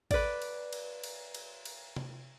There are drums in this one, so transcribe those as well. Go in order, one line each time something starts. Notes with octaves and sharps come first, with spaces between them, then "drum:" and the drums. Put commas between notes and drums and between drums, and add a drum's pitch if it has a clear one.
B4 D5, drum: kick, cymbal
drum: cymbal
drum: cymbal
drum: cymbal
drum: cymbal
drum: cymbal
drum: tom